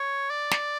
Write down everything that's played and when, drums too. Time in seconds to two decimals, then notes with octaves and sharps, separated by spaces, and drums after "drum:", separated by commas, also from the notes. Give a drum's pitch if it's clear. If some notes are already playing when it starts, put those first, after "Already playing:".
Already playing: C#5
0.30 D5
0.51 drum: snare